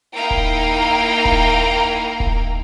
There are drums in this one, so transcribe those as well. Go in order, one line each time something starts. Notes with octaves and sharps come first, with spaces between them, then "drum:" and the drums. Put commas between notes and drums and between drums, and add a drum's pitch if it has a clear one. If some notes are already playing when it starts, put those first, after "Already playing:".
A#3 D#4 E4 F5 G5 A#5
drum: kick D#1
drum: kick D#1
drum: kick D#1